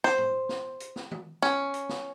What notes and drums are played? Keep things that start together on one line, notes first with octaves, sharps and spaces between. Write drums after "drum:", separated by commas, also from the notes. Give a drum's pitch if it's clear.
C5, drum: snare
drum: tom A2
drum: snare
drum: hi-hat
drum: snare
drum: tom D#3
C#4, drum: snare
drum: hi-hat
drum: snare